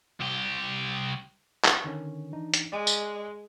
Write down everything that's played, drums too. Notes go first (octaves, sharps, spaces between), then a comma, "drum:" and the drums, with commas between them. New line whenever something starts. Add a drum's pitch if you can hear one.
C2 G4
drum: clap
D3 D#3 C#4
E3 D4 D#4
drum: hi-hat
G#3 D5
drum: tambourine